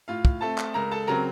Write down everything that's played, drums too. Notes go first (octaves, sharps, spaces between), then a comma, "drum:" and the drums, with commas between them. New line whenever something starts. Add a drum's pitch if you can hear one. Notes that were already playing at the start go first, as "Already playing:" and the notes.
A2 F4 F5
drum: kick
A3 C4 A4 A5
drum: clap
C#2 A#4 A#5
A4 A5
C#3 F#3 C4 A#4 A#5